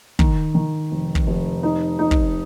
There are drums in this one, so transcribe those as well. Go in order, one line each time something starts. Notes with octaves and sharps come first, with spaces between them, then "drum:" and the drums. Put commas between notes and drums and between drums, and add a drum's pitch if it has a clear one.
D#3, drum: kick
D#3
F1
drum: kick
F1
D#4
D#4
drum: kick